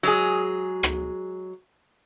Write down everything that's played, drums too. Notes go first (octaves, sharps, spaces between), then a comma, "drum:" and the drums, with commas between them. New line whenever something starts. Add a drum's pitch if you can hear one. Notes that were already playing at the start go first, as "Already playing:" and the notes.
F#3 G#3 G#4, drum: hi-hat
drum: rim click